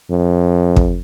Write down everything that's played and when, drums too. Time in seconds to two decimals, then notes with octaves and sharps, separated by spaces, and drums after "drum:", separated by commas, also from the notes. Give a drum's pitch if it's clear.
0.10 F2
0.76 drum: kick